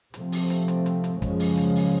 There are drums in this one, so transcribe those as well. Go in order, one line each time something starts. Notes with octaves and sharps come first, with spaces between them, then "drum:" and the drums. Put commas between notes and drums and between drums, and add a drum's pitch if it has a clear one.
C3 F3 A3 C4, drum: hi-hat
drum: open hi-hat
drum: hi-hat
drum: hi-hat
drum: hi-hat
drum: hi-hat
F#2 C#3 F3 G#3, drum: kick, hi-hat
drum: open hi-hat
drum: hi-hat
drum: open hi-hat